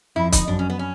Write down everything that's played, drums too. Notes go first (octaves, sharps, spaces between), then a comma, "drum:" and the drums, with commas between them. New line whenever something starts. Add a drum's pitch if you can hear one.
F2 E4
D#4, drum: kick, hi-hat
F#2 D4
C#4
B3
C#4